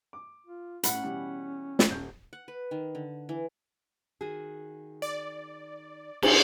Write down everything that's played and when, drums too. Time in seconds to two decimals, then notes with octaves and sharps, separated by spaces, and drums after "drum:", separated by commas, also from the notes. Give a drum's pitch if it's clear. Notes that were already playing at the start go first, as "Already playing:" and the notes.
0.13 D6
0.46 F4
0.83 A2 C#4 F#5 B5, drum: hi-hat
1.03 B2 E3 G3
1.79 drum: snare
1.90 D#1 C#4 G6
2.33 F#5
2.48 B4
2.71 D#3
2.95 D3
3.29 E3
4.21 D#3 F#4 G#4
5.02 D5
6.22 drum: cymbal